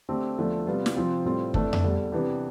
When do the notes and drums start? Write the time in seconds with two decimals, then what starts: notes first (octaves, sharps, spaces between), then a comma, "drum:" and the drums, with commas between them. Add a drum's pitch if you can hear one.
0.09 D3 A3 C4 G4
0.38 E2 D3 F3 A3
0.67 C3 G3 B3 F4
0.86 drum: snare
0.96 C3 F3 C4 F4
1.25 A2 G3 C4 F4
1.54 F2 E3 A3 D4, drum: kick
1.73 drum: tom F2
1.84 E2 D3 G3
2.12 C3 E3 B3 D4 G4